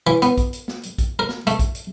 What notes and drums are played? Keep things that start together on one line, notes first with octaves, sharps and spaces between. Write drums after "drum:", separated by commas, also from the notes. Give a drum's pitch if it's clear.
E3
B3, drum: hi-hat
drum: kick, hi-hat
drum: hi-hat
drum: snare
drum: hi-hat
drum: kick, hi-hat
A#4
drum: snare
A3, drum: hi-hat
drum: kick, hi-hat
drum: hi-hat